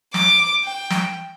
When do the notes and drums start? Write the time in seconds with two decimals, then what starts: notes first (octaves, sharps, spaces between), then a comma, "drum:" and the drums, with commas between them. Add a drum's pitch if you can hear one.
0.14 D6, drum: snare
0.64 G5
0.90 drum: snare